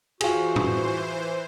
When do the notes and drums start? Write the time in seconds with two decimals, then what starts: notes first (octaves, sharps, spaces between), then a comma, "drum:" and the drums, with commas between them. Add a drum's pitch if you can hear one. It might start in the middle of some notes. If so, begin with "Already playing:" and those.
0.21 E3 F4 F#4 G#4 C5, drum: cymbal
0.56 drum: tom A2